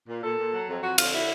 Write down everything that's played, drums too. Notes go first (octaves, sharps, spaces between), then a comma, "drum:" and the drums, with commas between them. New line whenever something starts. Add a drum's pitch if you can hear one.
A#2
A#2 A4
A#2
F#3
F2
F2 F#4
D3 F4, drum: cymbal
E4